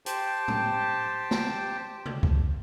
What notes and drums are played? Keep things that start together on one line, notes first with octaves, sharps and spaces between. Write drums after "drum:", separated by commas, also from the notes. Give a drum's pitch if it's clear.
G4 C5 G5 A5, drum: hi-hat
drum: tom
drum: snare
drum: tom
drum: kick C#2